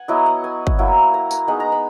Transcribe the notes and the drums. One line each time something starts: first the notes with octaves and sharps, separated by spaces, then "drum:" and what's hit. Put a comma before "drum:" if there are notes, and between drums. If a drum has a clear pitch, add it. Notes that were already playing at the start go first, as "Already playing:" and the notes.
Already playing: F#5 G#5
F#3 B3 E4 D#5
F#5
G#5
drum: kick
F#3 A#3 E4
A#5
A#5, drum: tambourine
G#3 B3 D#4 B5
A#5
B5